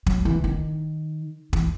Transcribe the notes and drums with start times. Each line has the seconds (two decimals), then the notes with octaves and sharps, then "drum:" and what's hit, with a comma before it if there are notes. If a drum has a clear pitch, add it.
0.07 F#3, drum: kick
0.25 E3
0.44 D#3
1.53 E3, drum: kick